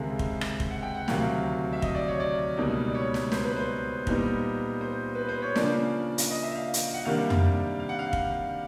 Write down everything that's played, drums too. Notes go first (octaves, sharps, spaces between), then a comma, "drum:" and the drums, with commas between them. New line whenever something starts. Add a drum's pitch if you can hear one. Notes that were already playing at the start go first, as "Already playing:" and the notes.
Already playing: C#2 C3 D#3 G#3 F5
drum: kick
drum: rim click
drum: kick
F#5
G5
F#5
D2 C3 D#3 F#3 F5, drum: snare
E5
D#5, drum: kick
D5
C#5
D5
C#2 B2 G3 A#3 D#4
D5
C#5
drum: snare
C5, drum: snare
B4
C5
A#2 G3 B3 D#4, drum: kick
C5
B4
C5
C#5
C#3 F3 A#3 D4 D5, drum: snare
drum: hi-hat
D#5
E5
F5
drum: hi-hat
F#5
C3 D#3 G3 A#3 D4 F5
drum: tom F2
F5
F#5
F5
drum: kick